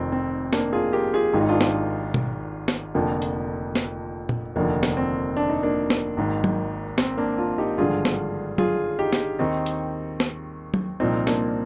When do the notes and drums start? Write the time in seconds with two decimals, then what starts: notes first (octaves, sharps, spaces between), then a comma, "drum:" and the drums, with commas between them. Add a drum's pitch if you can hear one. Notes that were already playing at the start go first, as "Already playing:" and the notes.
Already playing: F1 F2 D#3 C4
0.12 C4
0.53 A#3 D4, drum: snare
0.73 F4 G#4
0.93 G4 A#4
1.13 F4 G#4
1.34 G#1 G#2 D#3 F4
1.41 D#4
1.49 D4 F4
1.61 drum: snare
2.14 drum: tom B2
2.68 drum: snare
2.95 F1 F2 D3 F3 A#3
3.22 drum: hi-hat
3.75 drum: snare
4.29 drum: tom A#2
4.56 F1 D#2 D3 F3 A#3
4.83 drum: snare
4.97 C4
5.37 D4
5.49 D#4
5.63 A#3 D4
5.90 drum: snare
6.17 G#1 G#2 D#3
6.44 drum: tom F#3
6.98 C4, drum: snare
7.18 A#3 D4
7.38 D4 F4
7.58 D#4 G4
7.78 G#1 G2 D3 F3 F4 G#4
8.05 drum: snare
8.58 F4 G#4, drum: tom F#3
8.99 D#4 G4
9.13 drum: snare
9.39 D#2 D#3 C4 D#4
9.66 drum: hi-hat
10.20 drum: snare
10.74 drum: tom F#3
11.00 C2 A#2 F3 C4 D#4
11.27 A#3 D4, drum: snare